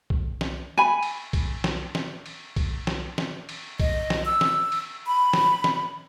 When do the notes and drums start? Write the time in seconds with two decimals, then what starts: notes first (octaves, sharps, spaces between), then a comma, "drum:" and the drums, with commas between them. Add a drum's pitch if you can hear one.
0.10 drum: kick B1
0.41 drum: snare
0.78 G#5 B5
1.03 drum: cymbal
1.33 drum: kick B1, cymbal
1.64 drum: snare
1.95 drum: snare
2.26 drum: cymbal
2.56 drum: kick B1, cymbal
2.87 drum: snare
3.18 drum: snare
3.49 drum: cymbal
3.80 D#5, drum: kick B1, cymbal
4.10 drum: snare
4.26 E6
4.41 drum: snare
4.72 drum: cymbal
5.07 B5
5.33 drum: snare
5.64 drum: snare